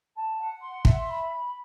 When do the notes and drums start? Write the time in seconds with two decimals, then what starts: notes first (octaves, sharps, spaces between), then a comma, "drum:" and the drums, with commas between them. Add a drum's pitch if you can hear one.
0.17 A5
0.39 F#5
0.62 C6
0.85 E5, drum: kick
1.08 B5